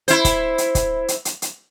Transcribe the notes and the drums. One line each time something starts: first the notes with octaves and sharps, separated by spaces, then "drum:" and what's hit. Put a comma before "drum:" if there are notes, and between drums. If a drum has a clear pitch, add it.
E4 C5, drum: hi-hat
drum: kick, hi-hat
drum: hi-hat
drum: kick, hi-hat
drum: hi-hat
drum: hi-hat
drum: hi-hat